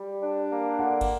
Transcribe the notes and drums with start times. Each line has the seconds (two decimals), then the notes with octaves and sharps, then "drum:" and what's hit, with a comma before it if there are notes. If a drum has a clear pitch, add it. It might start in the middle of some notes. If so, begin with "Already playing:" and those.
Already playing: G3
0.22 D4
0.51 A#3
0.79 D3 D5 F#5
1.01 drum: kick, cymbal